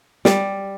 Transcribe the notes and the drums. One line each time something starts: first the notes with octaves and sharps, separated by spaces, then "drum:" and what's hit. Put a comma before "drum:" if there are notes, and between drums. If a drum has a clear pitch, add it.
G3, drum: snare